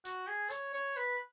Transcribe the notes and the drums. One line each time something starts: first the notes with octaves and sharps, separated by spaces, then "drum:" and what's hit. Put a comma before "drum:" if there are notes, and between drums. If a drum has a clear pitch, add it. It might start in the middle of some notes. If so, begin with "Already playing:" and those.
F#4, drum: hi-hat
G#4
C#5, drum: hi-hat
C#5
B4